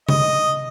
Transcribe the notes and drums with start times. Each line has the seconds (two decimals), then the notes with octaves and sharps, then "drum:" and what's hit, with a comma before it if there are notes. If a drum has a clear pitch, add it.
0.09 D#5, drum: tom C3